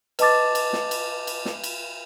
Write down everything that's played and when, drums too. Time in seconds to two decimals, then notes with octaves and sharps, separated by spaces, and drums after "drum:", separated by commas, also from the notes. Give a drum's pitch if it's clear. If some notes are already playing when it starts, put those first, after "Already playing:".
0.19 B4 D#5 A5 D6 A6, drum: cymbal
0.55 drum: cymbal
0.73 drum: snare
0.91 drum: cymbal
1.27 drum: cymbal
1.45 drum: snare
1.64 drum: cymbal